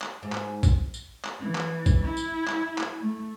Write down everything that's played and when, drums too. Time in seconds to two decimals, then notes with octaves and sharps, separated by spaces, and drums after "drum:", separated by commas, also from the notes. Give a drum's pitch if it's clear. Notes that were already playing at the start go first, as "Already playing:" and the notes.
0.02 drum: clap
0.23 G#2
0.32 drum: clap
0.63 drum: kick A1, tambourine
0.94 drum: tambourine
1.25 drum: clap
1.40 E3
1.55 drum: clap
1.86 drum: kick A1, tambourine
2.05 E4
2.17 drum: tambourine
2.48 drum: clap
2.78 drum: clap
3.01 A3